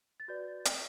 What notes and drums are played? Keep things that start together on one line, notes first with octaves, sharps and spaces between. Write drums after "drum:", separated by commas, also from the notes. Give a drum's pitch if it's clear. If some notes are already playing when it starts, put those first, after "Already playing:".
A6
F#4 B4 D5 G6
drum: hi-hat